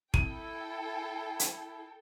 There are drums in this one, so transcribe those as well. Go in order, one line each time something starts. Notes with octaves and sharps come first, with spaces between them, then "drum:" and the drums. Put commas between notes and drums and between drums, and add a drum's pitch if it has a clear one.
E4 A4 G5 D#7, drum: kick
drum: hi-hat